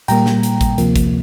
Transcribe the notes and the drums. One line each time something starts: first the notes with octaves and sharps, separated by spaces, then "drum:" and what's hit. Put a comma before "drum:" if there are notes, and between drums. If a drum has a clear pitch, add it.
A#2 G3 A#3 G5 A#5, drum: hi-hat
drum: snare
drum: hi-hat
drum: kick A1, hi-hat
D2 C3 F3 A#3, drum: hi-hat
drum: kick A1, hi-hat